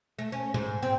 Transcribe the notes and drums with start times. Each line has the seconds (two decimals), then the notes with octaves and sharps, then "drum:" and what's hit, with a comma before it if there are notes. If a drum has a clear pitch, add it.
0.19 A3
0.32 C#4
0.54 G#2, drum: tom G#2
0.82 C4